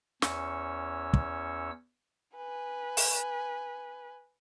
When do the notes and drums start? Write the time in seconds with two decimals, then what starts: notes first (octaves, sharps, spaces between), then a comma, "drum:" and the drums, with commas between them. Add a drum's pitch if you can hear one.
0.22 E2 C#4 C#5 E6, drum: snare
1.14 drum: kick
2.36 B4 G#5
2.97 drum: open hi-hat